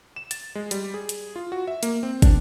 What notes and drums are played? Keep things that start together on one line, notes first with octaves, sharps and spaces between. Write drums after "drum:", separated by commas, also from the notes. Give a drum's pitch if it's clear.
E7
A6, drum: hi-hat
G#3
G3, drum: hi-hat
G#4
drum: hi-hat
F4
F#4
E5
A#3, drum: hi-hat
C4
D4, drum: kick, hi-hat